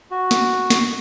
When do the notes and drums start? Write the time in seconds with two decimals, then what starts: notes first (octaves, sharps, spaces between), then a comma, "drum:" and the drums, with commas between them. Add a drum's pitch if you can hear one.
0.11 F#4
0.31 drum: snare
0.70 drum: snare